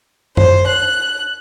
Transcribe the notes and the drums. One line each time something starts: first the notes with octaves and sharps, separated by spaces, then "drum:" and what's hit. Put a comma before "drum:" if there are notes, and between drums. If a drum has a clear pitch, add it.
C5, drum: tom F#2
F#6